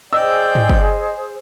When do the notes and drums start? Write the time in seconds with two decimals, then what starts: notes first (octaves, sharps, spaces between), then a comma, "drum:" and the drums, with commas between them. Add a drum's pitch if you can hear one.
0.13 G#4 C5 D5 D#5 G5 E6
0.55 drum: tom
0.69 drum: kick